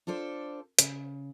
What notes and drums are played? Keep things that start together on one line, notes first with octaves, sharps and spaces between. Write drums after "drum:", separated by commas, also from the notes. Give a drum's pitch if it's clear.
D4 F4 A4 C5 D5
C#3, drum: hi-hat